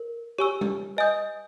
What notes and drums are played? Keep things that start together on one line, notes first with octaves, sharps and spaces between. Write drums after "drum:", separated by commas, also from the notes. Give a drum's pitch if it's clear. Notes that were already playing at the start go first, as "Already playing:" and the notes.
Already playing: A#4
G4 C#5 G#5 C#6 E6
drum: tom G3
B4 D#5 G#5 D#6 G6